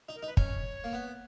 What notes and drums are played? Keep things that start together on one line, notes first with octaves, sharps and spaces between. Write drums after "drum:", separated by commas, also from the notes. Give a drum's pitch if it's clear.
D#4
A#4
D#4
B4
C#4 C#5, drum: kick
A#3
B3